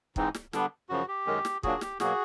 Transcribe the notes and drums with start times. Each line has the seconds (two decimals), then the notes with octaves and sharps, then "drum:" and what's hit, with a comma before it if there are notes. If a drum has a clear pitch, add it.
0.16 G#2 E3 G#3 C4 D#4, drum: kick
0.34 drum: snare
0.53 D3 G3 B3 D4, drum: snare
0.89 F#2 C#3 F3 F#4
1.08 G4
1.27 F#2 D#3 G#3 C#4
1.45 drum: snare
1.63 A#2 F#3 A#3 D4 F#4 G#4, drum: kick
1.81 G4, drum: snare
2.00 B2 F#3 A#3 F#4 G#4, drum: snare